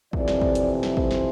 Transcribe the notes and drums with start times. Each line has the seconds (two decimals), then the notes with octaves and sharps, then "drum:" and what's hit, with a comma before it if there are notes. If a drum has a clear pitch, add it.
0.13 F2 C3 E3 D5, drum: kick
0.28 drum: snare
0.42 drum: kick
0.55 drum: hi-hat
0.83 drum: snare
0.97 C5, drum: kick
1.11 drum: snare